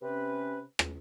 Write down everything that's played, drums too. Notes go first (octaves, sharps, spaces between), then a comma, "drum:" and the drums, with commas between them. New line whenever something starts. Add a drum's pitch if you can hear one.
C3 C#4 B4
drum: rim click